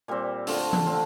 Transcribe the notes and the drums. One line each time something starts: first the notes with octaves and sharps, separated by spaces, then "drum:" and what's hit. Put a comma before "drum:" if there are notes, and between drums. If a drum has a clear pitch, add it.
A#2 G3 C4
D3 A3 C4 F4, drum: open hi-hat
drum: tom E3
D3 A3 C4 F4